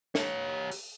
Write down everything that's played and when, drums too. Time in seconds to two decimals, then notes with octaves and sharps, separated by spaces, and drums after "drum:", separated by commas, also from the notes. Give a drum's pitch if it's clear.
0.15 G4 C#5, drum: snare
0.71 drum: open hi-hat